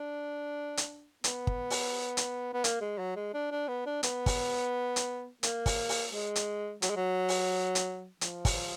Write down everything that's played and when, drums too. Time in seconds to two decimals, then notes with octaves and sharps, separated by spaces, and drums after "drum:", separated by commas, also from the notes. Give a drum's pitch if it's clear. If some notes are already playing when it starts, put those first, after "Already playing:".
Already playing: D4
0.77 drum: hi-hat
1.24 B3, drum: hi-hat
1.47 drum: kick
1.70 drum: open hi-hat
2.17 drum: hi-hat
2.53 B3
2.64 A#3, drum: hi-hat
2.81 G#3
2.98 F#3
3.16 G#3
3.34 D4
3.51 D4
3.68 B3
3.86 D4
4.03 B3, drum: hi-hat
4.26 drum: kick, open hi-hat
4.96 drum: hi-hat
5.43 A#3, drum: hi-hat
5.66 drum: kick, open hi-hat
5.89 drum: open hi-hat
6.12 G#3
6.36 drum: hi-hat
6.82 F#3, drum: hi-hat
6.90 G#3
6.96 F#3
7.29 drum: open hi-hat
7.75 drum: hi-hat
8.21 F3, drum: hi-hat
8.45 drum: kick, open hi-hat